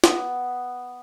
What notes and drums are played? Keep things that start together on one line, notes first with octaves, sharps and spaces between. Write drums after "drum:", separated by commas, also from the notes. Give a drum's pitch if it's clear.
B3, drum: snare